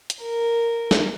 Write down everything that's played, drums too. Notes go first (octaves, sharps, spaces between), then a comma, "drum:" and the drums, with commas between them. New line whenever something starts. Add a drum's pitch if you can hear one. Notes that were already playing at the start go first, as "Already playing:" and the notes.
drum: hi-hat
A#4
drum: snare